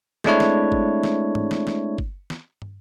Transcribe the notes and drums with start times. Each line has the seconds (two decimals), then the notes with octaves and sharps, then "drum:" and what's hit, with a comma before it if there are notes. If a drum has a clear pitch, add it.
0.24 G#3 A3 C4 D4 E4 C#5, drum: snare
0.40 drum: snare
0.72 drum: kick
1.03 drum: snare
1.35 drum: tom G#2
1.51 drum: snare
1.67 drum: snare
1.98 drum: kick
2.30 drum: snare
2.62 drum: tom